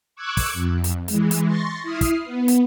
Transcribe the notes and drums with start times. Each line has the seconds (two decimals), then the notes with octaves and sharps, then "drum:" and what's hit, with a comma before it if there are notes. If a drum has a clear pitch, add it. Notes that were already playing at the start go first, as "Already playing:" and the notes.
0.16 C#6 D6 E6 F#6 G#6
0.37 drum: kick, open hi-hat
0.53 F2
0.84 drum: hi-hat
1.08 E3 G#3, drum: hi-hat
1.31 drum: hi-hat
1.46 C6 C#6 A6 A#6
1.83 E4 D#6 F6 C7
2.01 drum: kick, hi-hat
2.25 B3
2.48 drum: hi-hat